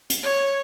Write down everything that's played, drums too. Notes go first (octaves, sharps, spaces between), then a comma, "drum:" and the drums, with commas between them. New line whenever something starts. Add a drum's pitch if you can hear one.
drum: hi-hat
C#5